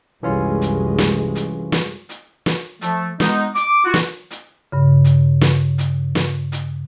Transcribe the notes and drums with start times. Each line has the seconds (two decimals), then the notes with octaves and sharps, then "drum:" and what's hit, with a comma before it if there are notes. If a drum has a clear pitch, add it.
0.23 C2 F#2 E3 G#3 C#4 F4
0.62 drum: hi-hat
0.98 drum: snare
1.35 drum: hi-hat
1.72 drum: snare
2.09 drum: hi-hat
2.46 drum: snare
2.81 F3 A3, drum: hi-hat
3.20 G#3 B3 D#4, drum: snare
3.55 D6, drum: hi-hat
3.85 F4 F#4
3.94 drum: snare
4.31 drum: hi-hat
4.72 G2 C#3
5.04 drum: hi-hat
5.41 drum: snare
5.78 drum: hi-hat
6.15 drum: snare
6.52 drum: hi-hat